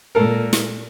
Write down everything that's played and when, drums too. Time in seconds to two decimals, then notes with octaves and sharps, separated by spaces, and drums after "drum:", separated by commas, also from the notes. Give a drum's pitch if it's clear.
0.15 A#2 G#3 A4 A#4
0.53 drum: snare